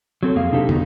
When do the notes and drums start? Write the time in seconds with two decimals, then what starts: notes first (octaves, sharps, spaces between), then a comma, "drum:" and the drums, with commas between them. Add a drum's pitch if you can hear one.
0.23 F#3 C4 A4
0.35 F2 A#3 G#4 F5
0.52 C3 D4 D#4 G4 A4
0.69 D3 B3 D#4 F#4, drum: tom